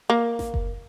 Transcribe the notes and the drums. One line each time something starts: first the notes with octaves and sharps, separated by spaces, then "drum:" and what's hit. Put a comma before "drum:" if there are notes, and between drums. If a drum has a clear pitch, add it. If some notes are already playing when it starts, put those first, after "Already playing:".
A#3
drum: snare A1
drum: kick F#1